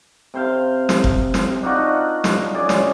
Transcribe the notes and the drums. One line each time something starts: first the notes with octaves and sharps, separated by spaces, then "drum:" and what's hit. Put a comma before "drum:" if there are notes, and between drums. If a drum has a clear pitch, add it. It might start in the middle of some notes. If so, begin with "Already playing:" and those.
C3 C5 F5
drum: snare
drum: kick F1
drum: snare
D4 D#4 F4 F#4
drum: snare
F#2 G#4 D5
drum: snare